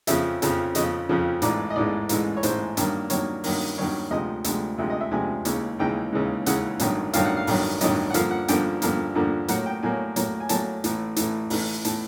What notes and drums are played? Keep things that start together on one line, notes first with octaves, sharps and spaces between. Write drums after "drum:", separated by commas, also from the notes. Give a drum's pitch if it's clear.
F2 C#3 F3 E5, drum: hi-hat
F2 C#3 F3, drum: hi-hat
F2 C#3 F3 D#5, drum: hi-hat
F2 C#3 F3
A1 G#2 E3 G#3 D5, drum: hi-hat
D#5
A1 G#2 E3 G#3 D5
A1 G#2 E3 G#3, drum: hi-hat
C#5
A1 G#2 E3 G#3 C5, drum: hi-hat
G2 D#3 F#3 A#3, drum: hi-hat
G2 D#3 F#3 A#3 C#5, drum: hi-hat
G2 D#3 F#3 A#3, drum: open hi-hat
G2 D#3 F#3 A#3 C#5
D2 C3 F3 G#3 D#5
D2 C3 F3 G#3, drum: hi-hat
D2 C3 F3 G#3 E5
D#5
E5
D2 C3 F3 G#3 G#5
D#2 C#3 E3 G#3, drum: hi-hat
D#2 C#3 E3 G#3 G5
D#2 C#3 E3 G#3
D#2 C#3 E3 G#3 F#5, drum: hi-hat
A1 G2 D#3 F#3, drum: hi-hat
A1 G2 D#3 F#3 F5, drum: hi-hat
F#5
F5
A1 G2 D#3 F#3, drum: open hi-hat
A1 G2 D#3 F#3 D#5, drum: hi-hat
F#5
G2 D3 F3 A#3 F5, drum: hi-hat
F#5
G2 D3 F3 A#3 G5, drum: hi-hat
G2 D3 F3 A#3, drum: hi-hat
G2 D3 F3 A#3
A2 F#3 A#3 F#5, drum: hi-hat
G5
A2 F#3 A#3 G#5
A2 F#3 A#3, drum: hi-hat
G#5
A2 F#3 A#3 A5, drum: hi-hat
A1 A2 E3, drum: hi-hat
A1 A2 E3, drum: hi-hat
A1 A2 E3, drum: open hi-hat
A2 E3 A5, drum: hi-hat